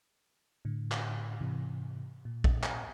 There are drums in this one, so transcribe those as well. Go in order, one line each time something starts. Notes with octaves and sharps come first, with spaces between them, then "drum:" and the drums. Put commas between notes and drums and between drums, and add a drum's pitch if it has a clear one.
A2 D3
drum: clap
G#2 C3 E3
A#2
drum: kick A#1
drum: clap